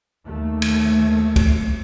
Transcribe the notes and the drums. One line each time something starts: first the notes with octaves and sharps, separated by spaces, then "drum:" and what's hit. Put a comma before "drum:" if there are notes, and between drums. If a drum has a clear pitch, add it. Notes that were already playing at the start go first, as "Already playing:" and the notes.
D#2 A3
drum: cymbal
drum: kick, cymbal